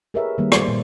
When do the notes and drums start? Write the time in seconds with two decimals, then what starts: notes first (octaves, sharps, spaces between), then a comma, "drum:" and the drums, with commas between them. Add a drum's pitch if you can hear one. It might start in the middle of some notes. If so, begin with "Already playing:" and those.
0.14 G4 G#4 A#4 B4 C#5 E5
0.38 D#3 G3 A#3
0.52 C5 D5, drum: rim click
0.68 A#2